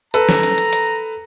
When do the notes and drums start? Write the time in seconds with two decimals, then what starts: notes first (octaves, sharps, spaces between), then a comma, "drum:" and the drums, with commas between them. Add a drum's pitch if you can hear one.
0.14 A4 B4 A#5, drum: hi-hat
0.29 drum: snare
0.43 drum: hi-hat
0.58 drum: hi-hat
0.73 drum: hi-hat